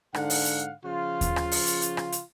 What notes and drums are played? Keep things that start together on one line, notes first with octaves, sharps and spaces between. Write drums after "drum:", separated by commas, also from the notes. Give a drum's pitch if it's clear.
G#2 D3 F5 F#5, drum: rim click
drum: open hi-hat
drum: hi-hat
C#3 F3 F4
drum: kick D#2, hi-hat
drum: rim click
drum: open hi-hat
drum: hi-hat
drum: hi-hat
drum: rim click
drum: hi-hat